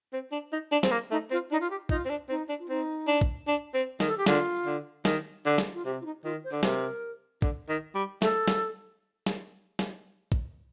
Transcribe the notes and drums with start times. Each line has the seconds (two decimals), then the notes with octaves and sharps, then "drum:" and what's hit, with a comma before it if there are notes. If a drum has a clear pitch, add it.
0.13 C4
0.32 D4
0.52 D#4
0.72 D4
0.83 C4, drum: snare
0.91 A#3
1.11 A3 D#4
1.31 C4 F4
1.51 D4 D#4
1.60 F4
1.70 G4
1.89 D#4 F4, drum: kick
2.05 C4
2.10 D4
2.29 C4 D#4
2.49 D4
2.59 F4
2.69 C4 D#4
3.08 D4
3.21 drum: kick
3.48 D4
3.74 C4
4.00 D#3, drum: snare
4.07 A4
4.17 G4
4.26 D3 F4, drum: snare
4.66 D3
5.05 D#3, drum: snare
5.45 D3
5.58 drum: snare
5.74 F4
5.85 C3 G4
6.00 F4
6.05 D#4
6.23 D#3 F4
6.44 C5
6.52 D3
6.63 C3 A#4, drum: snare
7.42 D3, drum: kick
7.69 D#3
7.95 G3
8.22 A3 A4, drum: snare
8.48 drum: snare
9.26 drum: snare
9.79 drum: snare
10.32 drum: kick